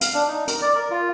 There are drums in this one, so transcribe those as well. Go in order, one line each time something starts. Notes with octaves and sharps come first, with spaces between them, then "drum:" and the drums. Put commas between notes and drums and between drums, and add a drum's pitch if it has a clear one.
F5, drum: hi-hat
D4
D#4
A#4, drum: hi-hat
D5
A#4
F4